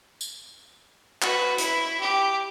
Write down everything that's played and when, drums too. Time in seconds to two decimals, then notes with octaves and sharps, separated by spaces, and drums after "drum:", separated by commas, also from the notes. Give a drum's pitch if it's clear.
0.21 drum: tambourine
1.22 F#4 B4, drum: clap
1.58 E4, drum: hi-hat
2.00 G4